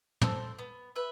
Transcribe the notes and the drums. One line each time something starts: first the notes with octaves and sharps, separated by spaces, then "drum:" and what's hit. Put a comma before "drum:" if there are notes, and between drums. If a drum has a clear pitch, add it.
A4 C5, drum: tom
B3
B4 E5